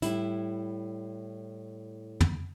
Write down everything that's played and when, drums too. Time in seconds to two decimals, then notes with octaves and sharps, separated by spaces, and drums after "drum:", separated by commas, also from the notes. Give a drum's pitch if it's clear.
0.02 A2 G3 E4, drum: hi-hat
2.20 drum: tom